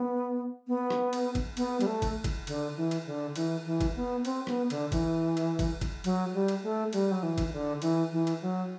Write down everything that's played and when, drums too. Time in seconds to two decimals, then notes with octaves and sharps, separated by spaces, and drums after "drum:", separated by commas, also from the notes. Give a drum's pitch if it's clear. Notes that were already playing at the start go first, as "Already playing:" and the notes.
Already playing: B3
0.68 B3
0.90 drum: rim click
1.13 drum: cymbal
1.35 drum: kick, cymbal
1.57 B3, drum: cymbal
1.81 G3, drum: cymbal
1.87 A3
2.02 drum: kick, cymbal
2.24 drum: kick, cymbal
2.47 D3, drum: cymbal
2.77 E3
2.91 drum: cymbal
3.06 D3
3.36 E3, drum: cymbal
3.65 E3
3.81 drum: kick, cymbal
3.96 B3
4.25 C4, drum: cymbal
4.47 B3, drum: rim click
4.70 D3, drum: cymbal
4.92 E3, drum: kick, cymbal
5.37 drum: cymbal
5.59 drum: kick, cymbal
5.81 drum: kick, cymbal
6.04 F#3, drum: cymbal
6.34 G3
6.48 drum: cymbal
6.63 A3
6.93 G3, drum: cymbal
7.11 F#3
7.23 E3
7.38 drum: kick, cymbal
7.48 E3
7.52 D3
7.82 E3, drum: cymbal
8.12 E3
8.27 drum: cymbal
8.42 F#3